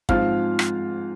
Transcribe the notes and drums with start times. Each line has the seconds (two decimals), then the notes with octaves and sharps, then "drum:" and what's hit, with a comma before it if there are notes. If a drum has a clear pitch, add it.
0.09 G#2 F3 C4 F4 F5 F6, drum: kick
0.59 drum: rim click